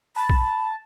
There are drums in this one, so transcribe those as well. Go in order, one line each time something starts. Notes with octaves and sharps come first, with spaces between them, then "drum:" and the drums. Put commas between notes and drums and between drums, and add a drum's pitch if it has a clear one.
A5 B5
drum: kick